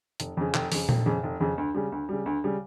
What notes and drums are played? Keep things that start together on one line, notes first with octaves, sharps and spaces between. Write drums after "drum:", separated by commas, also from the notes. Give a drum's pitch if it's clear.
F1, drum: hi-hat
F2 C#3
F1, drum: clap
F2 C#3, drum: open hi-hat
F1, drum: tom A#2
F2 C#3
F1
F2 C#3
D2
C#3 G3
D2
C#3 G3
D2
C#3 G3